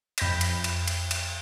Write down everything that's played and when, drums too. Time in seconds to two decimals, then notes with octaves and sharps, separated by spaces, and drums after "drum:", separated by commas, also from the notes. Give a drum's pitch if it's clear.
0.18 F2 B5 G6 A#6 B6, drum: cymbal
0.41 drum: cymbal
0.64 drum: cymbal
0.88 drum: cymbal
1.11 drum: cymbal